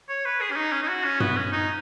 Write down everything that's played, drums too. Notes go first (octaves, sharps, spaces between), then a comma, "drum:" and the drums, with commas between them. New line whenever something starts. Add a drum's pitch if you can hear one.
C#5
B4
G#4
C#4
D#4
C#4
D#4
F#4
C#4
B3, drum: tom G2
C#4
D#4